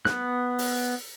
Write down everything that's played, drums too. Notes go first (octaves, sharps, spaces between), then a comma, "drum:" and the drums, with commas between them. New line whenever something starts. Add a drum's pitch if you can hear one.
B3 F#6, drum: snare
drum: open hi-hat